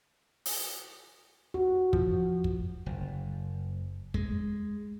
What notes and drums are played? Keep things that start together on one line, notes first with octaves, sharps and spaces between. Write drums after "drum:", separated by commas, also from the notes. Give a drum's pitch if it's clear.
drum: open hi-hat
F#4
F3, drum: kick
drum: kick
F#1
G#3, drum: kick